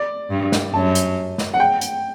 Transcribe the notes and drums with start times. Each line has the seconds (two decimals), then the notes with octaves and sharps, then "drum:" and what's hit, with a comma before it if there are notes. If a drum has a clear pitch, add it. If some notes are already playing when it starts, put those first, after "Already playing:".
Already playing: D5
0.31 G2
0.52 drum: snare
0.74 F#2 A5
0.95 drum: hi-hat
1.38 drum: snare
1.54 F#5
1.60 G5
1.81 drum: hi-hat